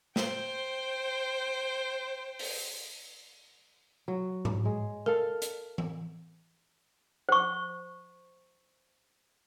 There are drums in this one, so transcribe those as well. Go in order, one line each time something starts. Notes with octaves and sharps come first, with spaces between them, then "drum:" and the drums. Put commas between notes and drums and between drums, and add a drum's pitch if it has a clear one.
C5 G5, drum: snare
drum: open hi-hat
F#3
drum: tom G#2
G#3
A4 A#4 F5
drum: hi-hat
drum: tom E3
C5 C#6